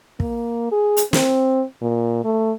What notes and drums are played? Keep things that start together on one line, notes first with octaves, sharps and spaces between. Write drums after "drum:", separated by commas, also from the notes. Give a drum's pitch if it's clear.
A#3, drum: kick
G#4
drum: hi-hat
C4, drum: snare
A#2
A3